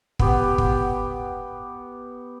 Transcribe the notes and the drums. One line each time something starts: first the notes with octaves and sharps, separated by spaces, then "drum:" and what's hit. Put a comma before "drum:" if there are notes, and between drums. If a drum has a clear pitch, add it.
B3 G4, drum: kick
drum: kick